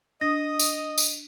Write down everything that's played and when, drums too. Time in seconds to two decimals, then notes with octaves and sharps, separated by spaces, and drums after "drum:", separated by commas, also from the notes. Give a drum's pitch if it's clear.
0.21 D4 D#5 D#6 A#6
0.59 drum: tambourine
0.98 drum: tambourine